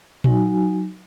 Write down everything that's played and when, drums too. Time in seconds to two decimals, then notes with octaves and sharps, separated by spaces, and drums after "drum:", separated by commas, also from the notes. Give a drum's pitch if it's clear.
0.24 F#3 D#4 F#4 G#5, drum: tom A#2